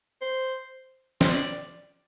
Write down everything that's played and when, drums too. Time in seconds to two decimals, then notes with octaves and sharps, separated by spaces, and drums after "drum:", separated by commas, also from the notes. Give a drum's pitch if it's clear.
0.21 C5
1.21 C5, drum: snare
1.28 D5